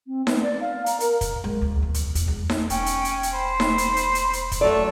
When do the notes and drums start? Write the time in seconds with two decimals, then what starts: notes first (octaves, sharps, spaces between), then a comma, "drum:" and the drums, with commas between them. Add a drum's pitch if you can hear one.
0.07 C4
0.27 B3, drum: snare D#4
0.42 D5
0.61 F5
0.86 A#5, drum: hi-hat
1.00 A#4, drum: hi-hat
1.21 drum: kick, hi-hat
1.44 G#3
1.61 D2
1.82 E2
1.94 E2, drum: hi-hat
2.15 E2, drum: hi-hat
2.28 G#3
2.50 drum: snare D#4
2.70 E1 C#4 G5, drum: hi-hat
2.86 drum: hi-hat
3.05 drum: hi-hat
3.23 drum: hi-hat
3.33 C5 B5
3.60 drum: snare D#4
3.78 drum: hi-hat
3.96 drum: hi-hat
4.15 drum: hi-hat
4.33 drum: hi-hat
4.52 drum: kick, hi-hat
4.61 F#3 A3 A4 C#5 D5